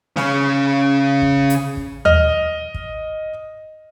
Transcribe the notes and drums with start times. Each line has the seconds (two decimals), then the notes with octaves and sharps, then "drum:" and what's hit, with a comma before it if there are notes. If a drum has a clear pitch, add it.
0.17 C#3 C#4, drum: snare
1.22 drum: kick
1.50 drum: hi-hat
1.77 drum: kick
2.05 D#5 F6, drum: tom D#2
2.74 drum: kick